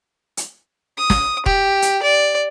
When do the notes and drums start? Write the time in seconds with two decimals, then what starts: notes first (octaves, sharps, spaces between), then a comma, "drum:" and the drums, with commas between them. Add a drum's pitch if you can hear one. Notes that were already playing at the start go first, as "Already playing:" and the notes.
0.37 drum: hi-hat
0.97 D#6
1.10 drum: snare
1.46 G4, drum: kick
1.82 drum: hi-hat
2.03 D5